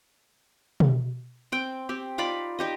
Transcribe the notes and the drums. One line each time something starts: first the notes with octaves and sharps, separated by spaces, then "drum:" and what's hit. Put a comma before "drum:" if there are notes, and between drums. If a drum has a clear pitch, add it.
drum: tom B2
C4 G5
C4 G4
D#4 F4 D5 B5
D#4 G4 D#5